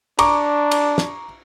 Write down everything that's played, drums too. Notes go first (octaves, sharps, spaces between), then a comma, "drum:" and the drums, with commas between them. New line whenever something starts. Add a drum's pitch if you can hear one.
D4 A#5 C#6 D6, drum: cymbal
drum: cymbal
drum: snare